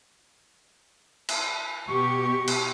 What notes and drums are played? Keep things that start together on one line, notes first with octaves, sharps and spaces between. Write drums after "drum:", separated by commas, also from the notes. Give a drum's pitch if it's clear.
drum: cymbal
B2 G4 C#6
drum: cymbal